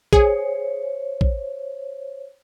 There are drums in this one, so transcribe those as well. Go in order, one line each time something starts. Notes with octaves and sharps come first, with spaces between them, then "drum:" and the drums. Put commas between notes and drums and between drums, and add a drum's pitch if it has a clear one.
G#4 C5 C#5, drum: kick
drum: kick